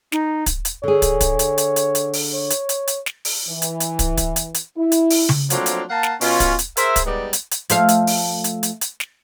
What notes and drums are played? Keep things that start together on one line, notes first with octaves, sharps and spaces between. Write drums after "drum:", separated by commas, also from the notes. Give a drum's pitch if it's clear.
D#4, drum: snare
drum: kick, hi-hat
drum: hi-hat
D3 G#4 C#5
drum: kick, hi-hat
drum: kick, hi-hat
drum: hi-hat
drum: hi-hat
drum: hi-hat
drum: hi-hat
drum: open hi-hat
C#5
drum: hi-hat
drum: hi-hat
drum: hi-hat
drum: snare
drum: open hi-hat
E3
drum: hi-hat
drum: hi-hat
drum: kick, hi-hat
drum: kick, hi-hat
drum: hi-hat
drum: hi-hat
E4
drum: hi-hat
drum: open hi-hat
drum: tom C#3
F3 F#3 A3 A#3 C4 D4, drum: hi-hat
drum: hi-hat
A#3 F5 F#5 A5
drum: snare
B2 C#4 F4, drum: open hi-hat
drum: kick, hi-hat
drum: hi-hat
G#4 A#4 C5 E5, drum: hi-hat
drum: kick, hi-hat
G3 G#3 B3 D#4 D5
drum: hi-hat
drum: hi-hat
F3 A3 F5, drum: hi-hat
drum: hi-hat
drum: open hi-hat
drum: hi-hat
drum: hi-hat
drum: hi-hat
drum: snare